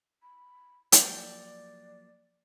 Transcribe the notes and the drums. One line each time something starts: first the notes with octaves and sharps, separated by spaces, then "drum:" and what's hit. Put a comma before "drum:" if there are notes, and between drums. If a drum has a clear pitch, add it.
B5
F3 F#3 A#3 D5 G5, drum: hi-hat